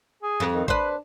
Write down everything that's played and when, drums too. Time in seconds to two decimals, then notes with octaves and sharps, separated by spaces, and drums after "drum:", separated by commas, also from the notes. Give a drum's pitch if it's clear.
0.23 G#4
0.40 F2
0.54 D#3
0.68 D4 B4 C5, drum: kick